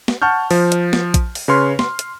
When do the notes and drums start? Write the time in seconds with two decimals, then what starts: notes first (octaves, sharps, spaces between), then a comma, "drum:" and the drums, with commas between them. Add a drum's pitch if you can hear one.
0.08 drum: snare
0.22 F#5 A5 C#6 F6 G6
0.51 F3, drum: open hi-hat
0.72 drum: hi-hat
0.93 drum: snare
1.14 drum: kick A#1, hi-hat
1.35 drum: open hi-hat
1.48 C#3 B4 C#5 C6 F6
1.79 C6, drum: snare
1.99 drum: hi-hat